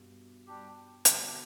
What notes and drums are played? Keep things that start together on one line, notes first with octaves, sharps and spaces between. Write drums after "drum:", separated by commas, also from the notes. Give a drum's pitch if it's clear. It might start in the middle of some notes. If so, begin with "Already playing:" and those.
Already playing: G2 B2
G3 D4 G4
B2 D3 G3 D4 G4, drum: hi-hat